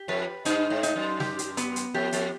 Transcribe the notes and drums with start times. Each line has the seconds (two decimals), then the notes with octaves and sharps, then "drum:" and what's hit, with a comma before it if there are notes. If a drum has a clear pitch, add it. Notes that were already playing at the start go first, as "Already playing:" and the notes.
Already playing: G4
0.08 F2 B4
0.45 G2 D#4, drum: hi-hat
0.70 G#2
0.83 D#4, drum: hi-hat
0.96 F#2
1.20 G4, drum: snare
1.39 drum: hi-hat
1.57 B3, drum: hi-hat
1.76 drum: hi-hat
1.94 F2 G4
2.12 F2, drum: hi-hat